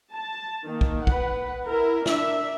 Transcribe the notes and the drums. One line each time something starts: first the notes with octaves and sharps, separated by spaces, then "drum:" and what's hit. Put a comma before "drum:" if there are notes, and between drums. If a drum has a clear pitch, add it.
A5
D#3 A#3
drum: kick
B4 F#5, drum: kick
E4 A#4
D4 E5, drum: snare